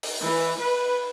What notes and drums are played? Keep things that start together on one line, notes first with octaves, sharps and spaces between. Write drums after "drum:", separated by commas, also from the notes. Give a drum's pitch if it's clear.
drum: open hi-hat
E3
B4